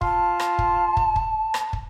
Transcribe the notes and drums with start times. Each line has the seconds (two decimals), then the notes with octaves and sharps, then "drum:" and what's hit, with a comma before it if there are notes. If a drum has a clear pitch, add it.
0.01 F4 A5, drum: kick
0.40 drum: rim click
0.59 drum: kick
0.97 drum: kick
1.16 drum: kick
1.54 drum: rim click
1.73 drum: kick